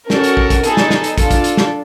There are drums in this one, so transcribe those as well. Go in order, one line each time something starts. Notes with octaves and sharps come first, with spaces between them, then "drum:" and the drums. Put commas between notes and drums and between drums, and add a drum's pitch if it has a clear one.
C#4 F#4 A4 A#4, drum: snare
drum: hi-hat
drum: kick
drum: kick, hi-hat
B3 D#4 G#4 A4, drum: hi-hat
drum: snare
drum: snare
drum: hi-hat
D4 F4 A4, drum: kick, hi-hat
drum: kick, hi-hat
drum: hi-hat
drum: snare